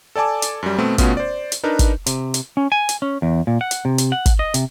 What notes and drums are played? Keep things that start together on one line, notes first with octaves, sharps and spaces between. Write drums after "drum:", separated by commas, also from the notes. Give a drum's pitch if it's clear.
A4 D5 G#5 A5 D6
drum: hi-hat
F#2 G3
B2 A3 B3 C4
B2 A3 B3 C#4 F4, drum: kick, hi-hat
C5 D5
drum: hi-hat
D4 D#4 A#4 B4
drum: kick, hi-hat
C3, drum: hi-hat
drum: hi-hat
C#4
G#5
drum: hi-hat
C#4
E2
A#2
F#5
drum: hi-hat
C3
drum: hi-hat
F#5
drum: kick, hi-hat
D#5
C3, drum: hi-hat